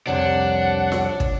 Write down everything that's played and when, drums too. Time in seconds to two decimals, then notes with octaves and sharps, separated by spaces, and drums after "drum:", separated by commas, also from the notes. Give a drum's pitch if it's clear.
0.07 C2 F2 C3 D4 C#5 F#5
0.92 drum: snare F4
1.20 drum: kick